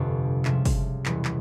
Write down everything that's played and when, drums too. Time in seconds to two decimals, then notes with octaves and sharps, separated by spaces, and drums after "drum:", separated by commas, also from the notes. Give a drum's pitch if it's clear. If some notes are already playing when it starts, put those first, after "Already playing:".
Already playing: G1 F2 C3 G3
0.45 C#2 C3 F3 E5, drum: clap
0.65 drum: kick, open hi-hat
1.06 E1 E2 E3 G3, drum: clap
1.25 drum: clap